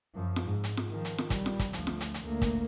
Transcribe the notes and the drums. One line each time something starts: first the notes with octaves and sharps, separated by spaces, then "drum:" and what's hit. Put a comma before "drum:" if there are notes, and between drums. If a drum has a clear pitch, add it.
F#2 F3
drum: snare F4
G#2
drum: hi-hat
drum: snare F4
D#3 F3
drum: hi-hat
drum: snare F4
G3, drum: kick, hi-hat
drum: snare F4
drum: kick, hi-hat
D2 F3, drum: hi-hat
drum: snare F4
drum: hi-hat
drum: hi-hat
D2 A#3
drum: kick, hi-hat